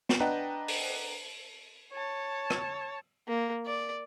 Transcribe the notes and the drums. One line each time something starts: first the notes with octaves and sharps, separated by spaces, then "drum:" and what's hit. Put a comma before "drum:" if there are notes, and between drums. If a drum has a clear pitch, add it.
drum: snare
D4 B4 D#5 F#5 G5 A#5
drum: open hi-hat
C#5 A5
drum: rim click
A#3
D5